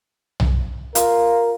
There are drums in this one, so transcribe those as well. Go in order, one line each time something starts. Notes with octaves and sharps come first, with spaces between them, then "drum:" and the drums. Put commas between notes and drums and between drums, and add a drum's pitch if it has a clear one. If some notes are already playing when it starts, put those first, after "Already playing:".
drum: tom B1
F4 A#4, drum: hi-hat